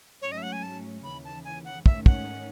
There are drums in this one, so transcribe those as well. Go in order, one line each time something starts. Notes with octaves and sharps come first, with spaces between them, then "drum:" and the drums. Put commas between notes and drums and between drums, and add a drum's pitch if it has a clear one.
G#2 F#3 A3 C#4 C#5
D#5
E5
F#5
G#5
A5
D#2 C#3 E3 B5
A5
G#5
F#5
G#2 D#3 A3 C#4 E5, drum: kick
F#5, drum: kick